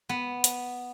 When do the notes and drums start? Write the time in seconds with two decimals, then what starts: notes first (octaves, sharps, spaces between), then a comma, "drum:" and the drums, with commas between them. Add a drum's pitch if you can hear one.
0.09 B3
0.44 drum: hi-hat